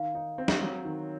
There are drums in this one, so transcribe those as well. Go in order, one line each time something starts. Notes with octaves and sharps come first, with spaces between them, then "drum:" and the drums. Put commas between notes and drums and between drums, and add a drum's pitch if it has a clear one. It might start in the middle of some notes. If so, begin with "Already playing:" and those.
Already playing: D#3 F5
D#4
C4
drum: snare
F#3
D#3